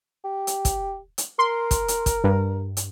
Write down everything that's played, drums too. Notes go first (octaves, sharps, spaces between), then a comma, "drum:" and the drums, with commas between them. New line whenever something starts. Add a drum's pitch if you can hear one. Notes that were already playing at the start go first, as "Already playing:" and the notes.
G4
drum: hi-hat
drum: kick, hi-hat
drum: hi-hat
A#4 C6
drum: kick, hi-hat
drum: hi-hat
drum: kick, hi-hat
G2
drum: hi-hat